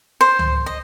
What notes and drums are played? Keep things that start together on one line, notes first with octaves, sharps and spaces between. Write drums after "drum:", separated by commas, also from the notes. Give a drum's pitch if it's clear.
C5
drum: tom C#2
D#5